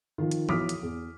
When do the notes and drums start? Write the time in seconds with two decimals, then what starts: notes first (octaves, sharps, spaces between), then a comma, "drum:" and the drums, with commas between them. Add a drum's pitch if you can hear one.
0.18 D#3 F3
0.31 drum: hi-hat
0.49 B1 E3 D6 D#6 F6 B6, drum: tom F3
0.69 drum: hi-hat
0.83 E2